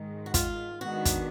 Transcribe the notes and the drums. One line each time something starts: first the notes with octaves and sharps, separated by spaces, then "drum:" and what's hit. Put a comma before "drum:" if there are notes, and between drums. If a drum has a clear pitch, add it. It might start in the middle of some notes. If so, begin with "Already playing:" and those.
Already playing: G#2 D#3 G#3
F#4
F4, drum: kick, hi-hat
D#3 G#3 B3 D4 F#4
drum: kick, hi-hat